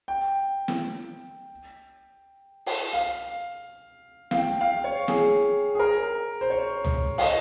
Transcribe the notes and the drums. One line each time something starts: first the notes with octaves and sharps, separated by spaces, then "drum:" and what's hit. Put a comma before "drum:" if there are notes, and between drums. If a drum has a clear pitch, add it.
G5
drum: snare
drum: open hi-hat
F5
F5, drum: snare
G5
F5
C#5
G#4, drum: snare
G#4
A#4
C5
C#5
drum: tom C#2
F5, drum: open hi-hat
D#5